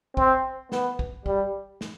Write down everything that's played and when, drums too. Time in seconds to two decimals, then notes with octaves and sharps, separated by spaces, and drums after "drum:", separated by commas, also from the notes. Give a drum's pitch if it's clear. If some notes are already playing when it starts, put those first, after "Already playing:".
0.17 C4, drum: kick
0.72 B3, drum: snare
0.99 drum: kick
1.26 G3, drum: kick
1.81 drum: snare